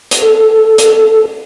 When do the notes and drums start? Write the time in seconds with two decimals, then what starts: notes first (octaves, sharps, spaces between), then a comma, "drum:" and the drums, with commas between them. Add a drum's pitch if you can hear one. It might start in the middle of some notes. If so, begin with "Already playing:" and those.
0.11 drum: hi-hat
0.22 A4
0.78 drum: hi-hat